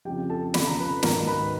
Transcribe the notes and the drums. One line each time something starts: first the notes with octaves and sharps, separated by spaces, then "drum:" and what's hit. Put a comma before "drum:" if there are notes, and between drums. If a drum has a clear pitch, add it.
F2 C#3 F3 G4 G5
A4 A5
F2 C#3 F3 B5, drum: snare
A#5
B4 B5
G#2 D#3 F#3 A#4 A#5, drum: snare
B4 B5